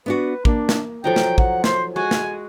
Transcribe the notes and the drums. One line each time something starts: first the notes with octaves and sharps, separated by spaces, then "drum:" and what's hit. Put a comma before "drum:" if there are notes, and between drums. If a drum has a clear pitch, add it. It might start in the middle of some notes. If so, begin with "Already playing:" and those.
B3 D4 F#4 B4
A#3 D4, drum: kick
drum: snare
F3 F#3 D#4 A4 G5 A#5
drum: snare
F#5, drum: kick
C5, drum: snare
G#3 F#4 G#5
drum: snare